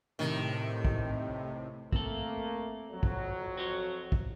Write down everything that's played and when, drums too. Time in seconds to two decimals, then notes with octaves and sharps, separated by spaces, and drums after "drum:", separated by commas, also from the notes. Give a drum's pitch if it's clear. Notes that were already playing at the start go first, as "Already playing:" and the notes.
0.19 A2 C3 D#3
0.85 drum: kick
1.93 A3 A#3 C4 A4, drum: kick
2.91 F2 F#3
3.03 drum: kick
3.57 F#4 C5 C#5
4.12 drum: kick